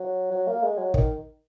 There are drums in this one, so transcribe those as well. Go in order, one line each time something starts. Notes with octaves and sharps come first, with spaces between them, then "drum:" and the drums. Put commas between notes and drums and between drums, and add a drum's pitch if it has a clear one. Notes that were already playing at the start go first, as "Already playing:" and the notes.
Already playing: F#3
F#3
A#3
G#3
F#3
D#3, drum: kick